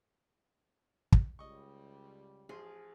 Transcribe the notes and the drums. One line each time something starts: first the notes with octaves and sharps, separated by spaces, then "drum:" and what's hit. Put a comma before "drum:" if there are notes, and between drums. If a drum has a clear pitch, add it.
drum: kick
C#2 G3 D#5 C#6
A1 F3 G#4 C6